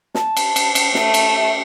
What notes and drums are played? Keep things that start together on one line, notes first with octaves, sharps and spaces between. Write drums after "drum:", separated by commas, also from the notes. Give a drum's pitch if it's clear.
A5, drum: snare
drum: cymbal
drum: cymbal
drum: cymbal
A3, drum: snare
drum: cymbal
E5